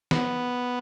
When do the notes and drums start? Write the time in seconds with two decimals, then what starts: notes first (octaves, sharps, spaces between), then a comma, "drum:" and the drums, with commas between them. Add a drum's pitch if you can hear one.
0.11 B3, drum: snare